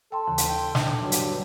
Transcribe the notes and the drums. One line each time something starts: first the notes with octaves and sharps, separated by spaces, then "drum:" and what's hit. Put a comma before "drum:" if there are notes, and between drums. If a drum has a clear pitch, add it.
A4 G5 A5 C6
D#2 C#3 E3
drum: hi-hat
G5 C6
D4, drum: snare
G2 D3 F#3
drum: hi-hat
G3